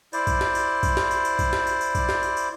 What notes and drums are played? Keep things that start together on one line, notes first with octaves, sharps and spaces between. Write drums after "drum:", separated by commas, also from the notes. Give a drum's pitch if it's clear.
E4 C5 D5, drum: tambourine
drum: kick A#1, tambourine
drum: snare
drum: tambourine
drum: kick A#1, tambourine
drum: snare
drum: tambourine
drum: tambourine
drum: kick A#1, tambourine
drum: snare
drum: tambourine
drum: tambourine
drum: kick A#1, tambourine
drum: snare
drum: tambourine
drum: tambourine